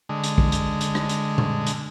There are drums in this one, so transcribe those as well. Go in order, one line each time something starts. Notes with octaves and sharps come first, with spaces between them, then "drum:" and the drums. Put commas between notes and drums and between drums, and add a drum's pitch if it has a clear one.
D3 G#3
drum: hi-hat
drum: kick
drum: hi-hat
drum: hi-hat
drum: rim click
drum: hi-hat
drum: tom A#2
drum: hi-hat